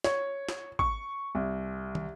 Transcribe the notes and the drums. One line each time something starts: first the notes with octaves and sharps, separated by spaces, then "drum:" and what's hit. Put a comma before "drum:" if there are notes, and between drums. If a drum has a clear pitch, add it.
C#5, drum: snare
drum: snare
C#6, drum: kick
C2
drum: tom